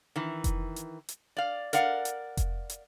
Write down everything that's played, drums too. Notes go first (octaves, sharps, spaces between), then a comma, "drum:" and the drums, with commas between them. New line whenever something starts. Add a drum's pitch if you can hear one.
D#3 E3
drum: kick F1, hi-hat
drum: hi-hat
drum: hi-hat
D5 F5
A#4 D5 F5 F#5, drum: hi-hat
drum: hi-hat
drum: kick F1, hi-hat
drum: hi-hat